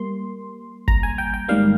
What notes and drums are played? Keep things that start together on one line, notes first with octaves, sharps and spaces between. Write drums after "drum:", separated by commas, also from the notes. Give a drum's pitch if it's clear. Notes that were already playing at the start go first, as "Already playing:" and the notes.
Already playing: G3 A#3 C6
A#5, drum: kick
G#5
G5
G5
G#2 D#3 G3 A#3 F5